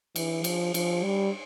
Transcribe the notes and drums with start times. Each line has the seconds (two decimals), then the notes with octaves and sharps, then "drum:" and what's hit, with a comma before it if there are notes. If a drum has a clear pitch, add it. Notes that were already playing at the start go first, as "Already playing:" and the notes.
0.16 E3, drum: cymbal
0.44 F3, drum: cymbal
0.74 F3, drum: cymbal
1.04 G3